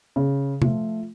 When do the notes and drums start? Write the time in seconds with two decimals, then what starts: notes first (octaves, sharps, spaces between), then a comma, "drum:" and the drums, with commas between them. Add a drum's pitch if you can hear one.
0.16 C#3
0.62 F3 A3 F4, drum: tom C3